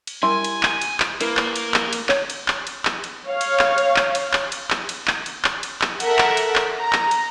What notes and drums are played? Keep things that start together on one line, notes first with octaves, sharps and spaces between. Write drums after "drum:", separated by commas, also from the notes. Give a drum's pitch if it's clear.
drum: cymbal
G3 E4 A#4 G#5 C6
drum: cymbal
drum: clap
drum: cymbal
drum: clap
A#3 E4 A#4 B4, drum: cymbal
drum: clap
drum: cymbal
drum: clap
drum: cymbal
C#5, drum: clap
drum: cymbal
drum: clap
drum: cymbal
drum: clap
drum: cymbal
C#5 F5
drum: cymbal
drum: clap
drum: cymbal
drum: clap
drum: cymbal
drum: clap
drum: cymbal
drum: clap
drum: cymbal
drum: clap
drum: cymbal
drum: clap
drum: cymbal
drum: clap
A4 A#4 E5 F#5, drum: cymbal
drum: clap
drum: cymbal
drum: clap
A#5
drum: clap
drum: cymbal